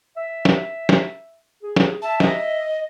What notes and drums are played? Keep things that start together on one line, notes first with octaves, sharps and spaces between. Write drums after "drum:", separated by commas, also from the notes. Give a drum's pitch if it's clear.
E5
drum: snare
drum: snare
G#4
drum: snare
E5 A5
D#5, drum: snare